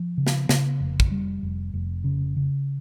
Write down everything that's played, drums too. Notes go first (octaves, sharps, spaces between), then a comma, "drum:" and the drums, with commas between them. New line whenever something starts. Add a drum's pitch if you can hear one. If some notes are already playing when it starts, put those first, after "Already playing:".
Already playing: F3
C#3
drum: snare
C#3, drum: snare
F1
drum: kick
G3
F1
F1
C#3
C#3